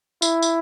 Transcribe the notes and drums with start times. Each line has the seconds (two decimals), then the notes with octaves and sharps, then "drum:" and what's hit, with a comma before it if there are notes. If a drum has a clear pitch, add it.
0.22 E4, drum: tambourine
0.42 drum: tambourine